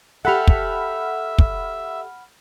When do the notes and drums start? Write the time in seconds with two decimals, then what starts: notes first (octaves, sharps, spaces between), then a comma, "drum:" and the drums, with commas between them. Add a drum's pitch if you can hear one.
0.25 G4 A4 E5 F#5 B5 F6
0.47 drum: kick
1.39 drum: kick